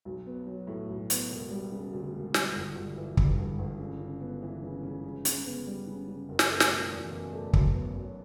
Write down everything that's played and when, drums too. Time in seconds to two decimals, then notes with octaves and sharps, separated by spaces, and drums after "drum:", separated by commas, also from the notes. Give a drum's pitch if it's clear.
0.05 B1
0.26 B3
0.47 F#3
0.67 A2
0.89 B1
1.10 B3, drum: hi-hat
1.30 E1
1.51 G3
1.72 C#3
1.93 D2
2.13 E1
2.34 G3, drum: snare
2.55 G1
2.76 G1
2.96 E3
3.17 G2, drum: kick
3.38 G1
3.59 G1
3.80 C#3
4.01 C#3
4.20 B3
4.42 E3
4.63 C#3
4.83 C#3
5.04 C#3
5.25 C#3, drum: hi-hat
5.46 B3
5.67 G3
5.88 C#3
6.08 C#3
6.29 F#1
6.39 drum: snare
6.50 A3
6.60 drum: snare
6.70 B2
6.91 E2
7.11 F#1
7.33 A3
7.53 B1, drum: kick
7.74 B3
7.95 F#3